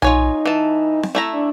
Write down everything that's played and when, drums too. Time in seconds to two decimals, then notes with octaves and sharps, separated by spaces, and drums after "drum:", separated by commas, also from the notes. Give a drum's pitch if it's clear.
0.02 D#4 F4 C#5 G#5, drum: tom B1
0.46 E3 A5
1.03 drum: snare C4
1.15 A3 E4 A#5
1.32 D4